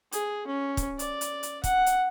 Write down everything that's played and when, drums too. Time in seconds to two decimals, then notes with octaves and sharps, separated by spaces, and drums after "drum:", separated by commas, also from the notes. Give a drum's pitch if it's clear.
0.12 G#4, drum: hi-hat
0.47 C#4
0.77 drum: kick, hi-hat
0.99 D5, drum: hi-hat
1.21 drum: hi-hat
1.43 drum: hi-hat
1.64 F#5, drum: kick, hi-hat
1.86 drum: hi-hat